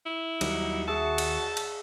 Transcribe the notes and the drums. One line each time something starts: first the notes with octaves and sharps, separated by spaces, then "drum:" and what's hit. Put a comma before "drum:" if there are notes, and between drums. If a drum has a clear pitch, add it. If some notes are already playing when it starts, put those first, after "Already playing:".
E4
D#2 F#3 G3 D#4 C#7, drum: cymbal
F#4 G#4 E5 A5
drum: cymbal
drum: cymbal